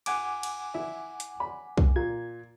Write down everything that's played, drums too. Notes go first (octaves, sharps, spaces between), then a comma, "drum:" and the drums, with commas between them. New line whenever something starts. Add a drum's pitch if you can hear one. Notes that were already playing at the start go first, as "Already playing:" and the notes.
F#5 G#5 D6, drum: cymbal
drum: cymbal
E4 E5
drum: hi-hat
B5
drum: kick
A#2 G#6